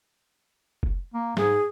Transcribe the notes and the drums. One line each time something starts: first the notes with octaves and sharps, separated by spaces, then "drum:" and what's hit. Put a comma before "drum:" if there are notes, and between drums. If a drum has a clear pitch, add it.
drum: kick
A#3
G#2 G#4, drum: snare